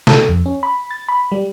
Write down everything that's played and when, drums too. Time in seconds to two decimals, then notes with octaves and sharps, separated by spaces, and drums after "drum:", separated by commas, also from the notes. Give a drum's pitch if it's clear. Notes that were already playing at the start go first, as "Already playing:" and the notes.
0.07 A4, drum: snare
0.29 F2
0.46 C#4
0.63 B5
0.91 A6
1.08 B5
1.32 G3